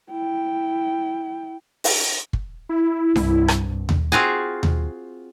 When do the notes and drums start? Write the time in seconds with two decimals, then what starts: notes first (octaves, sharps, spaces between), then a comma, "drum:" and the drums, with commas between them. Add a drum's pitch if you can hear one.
0.11 E4 G5
1.84 drum: open hi-hat
2.33 drum: kick
2.69 E4
3.16 C2 G2, drum: snare D4
3.48 drum: rim click
3.89 drum: tom D#2
4.12 C4 F4 F#4 G#4
4.63 drum: tom D#2